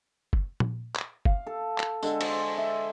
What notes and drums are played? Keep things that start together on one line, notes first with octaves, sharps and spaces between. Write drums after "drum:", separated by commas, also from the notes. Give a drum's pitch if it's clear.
drum: kick
drum: tom A#2
drum: clap
F5, drum: kick
A4
drum: clap
D3 G#3 A4, drum: tambourine
C5, drum: cymbal
E5